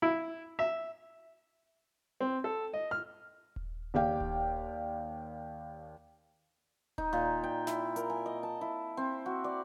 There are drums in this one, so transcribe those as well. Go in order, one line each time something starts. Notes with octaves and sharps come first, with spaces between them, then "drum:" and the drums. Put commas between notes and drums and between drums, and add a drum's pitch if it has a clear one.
E4
E5
C4
A4
D#5
F6
drum: kick D#1
D#2 G4 D5 F5 G5
drum: kick D#1
D#4, drum: kick D#1
A#2
G5
E4, drum: snare
A#4, drum: hi-hat
G#5
D#5
A5
E4
C4
F#4
D5